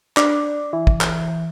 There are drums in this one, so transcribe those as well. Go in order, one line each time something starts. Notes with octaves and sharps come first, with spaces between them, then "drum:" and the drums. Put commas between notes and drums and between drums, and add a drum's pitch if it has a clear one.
D4, drum: clap
E3
drum: kick
drum: clap